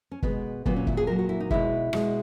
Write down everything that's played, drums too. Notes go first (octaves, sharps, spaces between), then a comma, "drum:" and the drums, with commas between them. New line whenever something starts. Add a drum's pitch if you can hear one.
C#4
B2 G#3 B3, drum: kick
A#2 F#3 A#3 B3, drum: kick
C#4
E4, drum: kick
G#4
A#2 F#3 A#3 A#4
F#4
E4
D#4
B2 G#3 E4, drum: kick
B2 G#3, drum: rim click